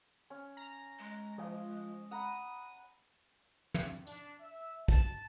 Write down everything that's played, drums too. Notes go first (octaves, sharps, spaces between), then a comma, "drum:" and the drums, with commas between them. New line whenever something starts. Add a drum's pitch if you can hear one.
C#4
A#5
G#3
F3 D#5
F#5 A#5 B5 D#6
drum: tom
D4, drum: hi-hat
E5
A5, drum: kick